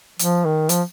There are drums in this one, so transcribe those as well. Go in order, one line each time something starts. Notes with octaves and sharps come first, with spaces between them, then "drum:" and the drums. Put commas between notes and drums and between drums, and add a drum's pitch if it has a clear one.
F3, drum: hi-hat
D#3
F3, drum: hi-hat